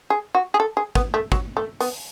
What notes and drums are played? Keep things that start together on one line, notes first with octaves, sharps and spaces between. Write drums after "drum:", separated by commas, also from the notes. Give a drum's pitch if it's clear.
G#4
F#4
G#4
A4
G#4
B3, drum: kick
A3
F#3, drum: kick
A3
B3, drum: open hi-hat